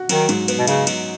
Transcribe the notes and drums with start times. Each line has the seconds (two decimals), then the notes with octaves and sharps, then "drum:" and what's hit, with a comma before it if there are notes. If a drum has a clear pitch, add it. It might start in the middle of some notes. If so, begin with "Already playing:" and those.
Already playing: F#4
0.09 D#3 F#3, drum: cymbal
0.29 G#2, drum: cymbal
0.48 B3, drum: cymbal
0.58 B2
0.68 C#3 D#4, drum: cymbal
0.87 F#3, drum: cymbal